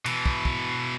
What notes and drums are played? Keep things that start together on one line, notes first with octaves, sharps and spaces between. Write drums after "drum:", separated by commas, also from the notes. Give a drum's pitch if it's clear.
B2 E3, drum: cymbal
drum: kick
drum: kick